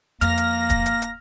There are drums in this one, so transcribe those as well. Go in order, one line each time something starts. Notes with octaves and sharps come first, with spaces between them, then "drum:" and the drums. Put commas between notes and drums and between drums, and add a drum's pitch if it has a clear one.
F2 A#3 F6 A#6, drum: hi-hat
drum: hi-hat
drum: kick, hi-hat
drum: hi-hat
drum: hi-hat